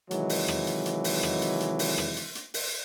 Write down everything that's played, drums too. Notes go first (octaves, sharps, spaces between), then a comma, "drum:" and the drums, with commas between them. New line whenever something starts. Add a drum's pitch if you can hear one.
C3 D#3 E3 F#3 G#3, drum: hi-hat
drum: open hi-hat
drum: rim click
drum: hi-hat
drum: hi-hat
drum: open hi-hat
drum: rim click
drum: hi-hat
drum: hi-hat
drum: open hi-hat
drum: rim click
drum: hi-hat
drum: hi-hat
drum: open hi-hat